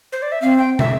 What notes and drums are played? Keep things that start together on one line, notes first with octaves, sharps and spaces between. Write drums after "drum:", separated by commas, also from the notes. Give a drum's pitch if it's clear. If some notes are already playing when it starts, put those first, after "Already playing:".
C5
D5
E5
C4 F5
G5
E5, drum: tom